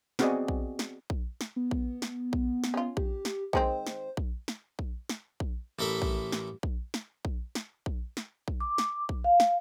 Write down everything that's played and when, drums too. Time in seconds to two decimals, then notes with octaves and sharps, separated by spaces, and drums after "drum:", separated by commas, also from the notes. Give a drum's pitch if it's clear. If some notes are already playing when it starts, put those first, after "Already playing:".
0.19 B3 C4 F#4 G#4 D5 D#5, drum: snare
0.48 drum: kick A#1
0.79 drum: snare
1.10 drum: kick A#1
1.41 drum: snare
1.56 B3
1.71 drum: kick A#1
2.02 drum: snare
2.33 drum: kick A#1
2.64 drum: snare
2.74 C#4 F4
2.97 G4, drum: kick A#1
3.25 drum: snare
3.53 D#3 G#3 C4 C5, drum: kick A#1
3.87 drum: snare
4.17 drum: kick A#1
4.48 drum: snare
4.79 drum: kick A#1
5.09 drum: snare
5.40 drum: kick A#1
5.79 A1 A4 A#4 E5 B5
6.02 drum: kick A#1
6.32 drum: snare
6.63 drum: kick A#1
6.94 drum: snare
7.25 drum: kick A#1
7.55 drum: snare
7.86 drum: kick A#1
8.17 drum: snare
8.48 drum: kick A#1
8.61 D6
8.78 drum: snare
9.09 drum: kick A#1
9.24 F5
9.40 drum: snare